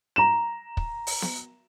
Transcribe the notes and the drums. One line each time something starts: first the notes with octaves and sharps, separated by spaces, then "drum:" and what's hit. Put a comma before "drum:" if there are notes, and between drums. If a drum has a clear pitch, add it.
A#5 E7
drum: kick
drum: open hi-hat
drum: snare B3